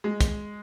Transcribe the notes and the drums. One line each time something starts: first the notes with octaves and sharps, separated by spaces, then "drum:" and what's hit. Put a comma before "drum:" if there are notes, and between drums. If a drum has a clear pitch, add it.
G#3
drum: kick, hi-hat